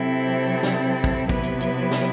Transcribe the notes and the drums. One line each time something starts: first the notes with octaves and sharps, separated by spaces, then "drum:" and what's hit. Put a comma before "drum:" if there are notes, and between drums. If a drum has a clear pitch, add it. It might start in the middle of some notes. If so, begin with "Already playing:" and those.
Already playing: C3 F#3 C4 E4 A4
drum: snare
drum: kick
C3 F#3 B3 E4 B4, drum: kick
drum: hi-hat
drum: hi-hat
drum: snare